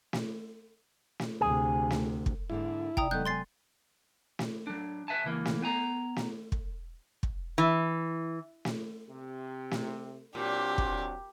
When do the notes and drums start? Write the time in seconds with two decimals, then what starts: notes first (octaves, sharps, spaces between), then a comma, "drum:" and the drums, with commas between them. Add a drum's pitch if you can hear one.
0.13 drum: snare
1.19 drum: snare
1.41 D2 C3 G#4
1.90 drum: snare
2.26 drum: kick
2.50 G#2 D3 A#3 E4
2.97 C3 D5 G5 A#5 D#6, drum: kick
3.11 D#3 F#3 G#3 B3 D#4 A4 F#6 G6
3.26 D#5 G#5 C6 A6 C7
4.39 drum: snare
4.67 F#3 D4
5.08 B4 E5 G#5 A5
5.24 C#2 E3 A#3
5.45 drum: snare
5.62 B3 G#5 A#5
6.16 drum: snare
6.52 drum: kick
7.23 drum: kick
7.58 E3
8.65 drum: snare
9.09 C3
9.71 drum: snare
10.35 A#2 F#3 C4 D4 G4
10.78 drum: kick